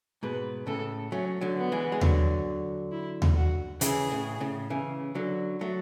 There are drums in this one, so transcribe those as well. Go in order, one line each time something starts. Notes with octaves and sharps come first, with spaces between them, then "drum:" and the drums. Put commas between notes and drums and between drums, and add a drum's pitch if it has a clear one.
G#2 B2 B4
A2 C#3 A4
F#3 A3 C#4
D3 F#3
B3
E3 G#3
G#3
D3 F#3, drum: tom D#2
E4
drum: tom D#2
F#4
C#3 E3 G#4, drum: hi-hat
A2 C#3
A2 C#3
C#3 E3
D3 F#3
F#3 A3